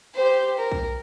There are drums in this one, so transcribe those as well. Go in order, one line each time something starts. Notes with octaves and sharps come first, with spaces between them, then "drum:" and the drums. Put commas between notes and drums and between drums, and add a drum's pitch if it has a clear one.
G4 C5
A#4
drum: kick